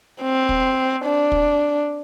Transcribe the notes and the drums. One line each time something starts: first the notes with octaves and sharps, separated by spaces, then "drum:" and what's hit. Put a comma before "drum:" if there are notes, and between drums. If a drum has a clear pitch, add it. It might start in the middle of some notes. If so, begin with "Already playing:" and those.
C4
drum: kick
D4
drum: kick